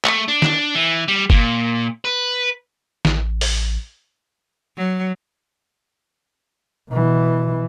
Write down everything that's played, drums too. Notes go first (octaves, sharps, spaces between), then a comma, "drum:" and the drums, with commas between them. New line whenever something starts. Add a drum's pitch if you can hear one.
A3, drum: clap
D4
drum: snare
E3
G3
A#2, drum: kick F#1
B4
A1, drum: snare
drum: open hi-hat
F#3
B2 E3